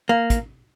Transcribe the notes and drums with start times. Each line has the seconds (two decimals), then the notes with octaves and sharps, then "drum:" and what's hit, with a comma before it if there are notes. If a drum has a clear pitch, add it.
0.09 A#3
0.30 drum: kick, hi-hat